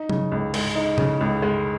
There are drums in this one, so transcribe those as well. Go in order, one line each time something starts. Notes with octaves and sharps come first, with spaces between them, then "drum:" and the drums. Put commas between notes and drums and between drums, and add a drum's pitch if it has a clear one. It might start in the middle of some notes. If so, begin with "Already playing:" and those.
Already playing: D#4
C#3, drum: tom F#3
C#2
G#3, drum: cymbal
D#4
C#3, drum: tom A2
C#2
G#3